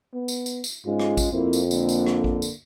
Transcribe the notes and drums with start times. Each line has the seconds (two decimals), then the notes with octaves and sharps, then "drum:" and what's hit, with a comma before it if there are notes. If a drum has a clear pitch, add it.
0.14 B3
0.28 drum: tambourine
0.46 drum: tambourine
0.64 drum: tambourine
0.86 G#2 G#3 C#4 F4
0.99 drum: rim click
1.17 drum: kick A1, tambourine
1.32 F2 A#3 C4 E4
1.53 drum: tambourine
1.71 D3 A#3, drum: tambourine
1.89 drum: tambourine
2.06 drum: rim click
2.24 drum: kick A1
2.42 drum: tambourine